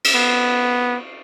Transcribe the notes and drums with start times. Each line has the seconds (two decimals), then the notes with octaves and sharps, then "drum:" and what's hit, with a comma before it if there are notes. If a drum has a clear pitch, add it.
0.04 drum: cymbal
0.15 B3